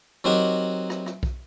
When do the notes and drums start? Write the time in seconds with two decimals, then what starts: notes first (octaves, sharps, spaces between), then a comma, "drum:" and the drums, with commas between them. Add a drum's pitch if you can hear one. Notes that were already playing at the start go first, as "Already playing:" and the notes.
0.24 F#3 C4 D#4 F#4 G4 A#4
0.90 drum: rim click
1.06 drum: rim click
1.23 drum: kick B1